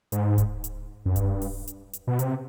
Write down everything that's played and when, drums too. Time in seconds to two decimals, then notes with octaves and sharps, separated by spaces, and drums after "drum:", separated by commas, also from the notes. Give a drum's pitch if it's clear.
0.12 G#2, drum: hi-hat
0.38 drum: kick D1, hi-hat
0.64 drum: hi-hat
1.05 F#2
1.16 G2, drum: kick D1, hi-hat
1.42 drum: open hi-hat
1.67 drum: hi-hat
1.93 drum: hi-hat
2.07 B2
2.19 C3, drum: hi-hat